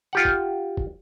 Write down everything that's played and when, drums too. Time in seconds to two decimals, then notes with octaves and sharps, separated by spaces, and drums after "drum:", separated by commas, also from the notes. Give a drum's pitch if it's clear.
0.13 F4 G4 F#5
0.25 drum: kick F1
0.77 drum: kick F1